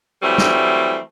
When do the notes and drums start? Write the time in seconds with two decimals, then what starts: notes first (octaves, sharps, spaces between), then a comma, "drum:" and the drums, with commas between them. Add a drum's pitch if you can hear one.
0.22 E3 F#3 G3 A3 C4
0.38 drum: snare